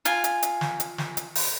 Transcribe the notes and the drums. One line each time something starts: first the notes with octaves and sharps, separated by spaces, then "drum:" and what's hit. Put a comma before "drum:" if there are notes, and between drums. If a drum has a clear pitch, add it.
F4 G#5, drum: hi-hat
drum: hi-hat
drum: hi-hat
drum: snare
drum: hi-hat
drum: snare
drum: hi-hat
drum: open hi-hat